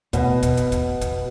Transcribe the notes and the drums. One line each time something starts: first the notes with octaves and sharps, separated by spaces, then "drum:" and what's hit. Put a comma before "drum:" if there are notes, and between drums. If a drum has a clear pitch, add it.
B2, drum: kick, hi-hat
drum: kick, hi-hat
drum: hi-hat
drum: kick, hi-hat
drum: kick, hi-hat